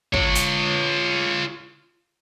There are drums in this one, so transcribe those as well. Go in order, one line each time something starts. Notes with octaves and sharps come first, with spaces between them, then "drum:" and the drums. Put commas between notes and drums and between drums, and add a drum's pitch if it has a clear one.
F4 C#5, drum: kick
drum: hi-hat